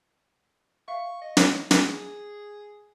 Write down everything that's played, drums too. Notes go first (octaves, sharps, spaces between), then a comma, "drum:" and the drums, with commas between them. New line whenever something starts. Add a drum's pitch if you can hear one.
E5 F5 C#6
D#5
C#5, drum: snare
G#4, drum: snare